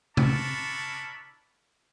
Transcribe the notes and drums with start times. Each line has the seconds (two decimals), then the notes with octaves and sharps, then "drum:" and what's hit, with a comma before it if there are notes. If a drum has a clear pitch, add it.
0.17 D4 E4 A#4 A5 B5 C#6, drum: tom C3